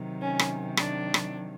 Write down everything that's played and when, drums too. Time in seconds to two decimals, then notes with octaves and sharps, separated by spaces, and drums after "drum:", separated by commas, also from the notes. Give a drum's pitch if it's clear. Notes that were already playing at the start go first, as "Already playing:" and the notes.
Already playing: C3 D#3 F#3
0.21 C#4
0.39 drum: rim click
0.77 D4, drum: rim click
1.14 drum: rim click